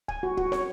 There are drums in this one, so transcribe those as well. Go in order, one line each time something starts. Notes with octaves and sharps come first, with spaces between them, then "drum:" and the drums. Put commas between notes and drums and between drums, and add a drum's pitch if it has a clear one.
G#5, drum: kick
F#4
F#4, drum: kick
C#5, drum: snare